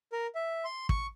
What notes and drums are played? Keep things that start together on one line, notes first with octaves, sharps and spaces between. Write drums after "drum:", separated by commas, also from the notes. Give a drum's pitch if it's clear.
A#4
E5
C6
C#6, drum: kick